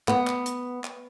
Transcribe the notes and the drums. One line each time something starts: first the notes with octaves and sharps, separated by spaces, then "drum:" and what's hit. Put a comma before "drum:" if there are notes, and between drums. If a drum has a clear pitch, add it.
B3, drum: clap
drum: clap
drum: hi-hat
drum: clap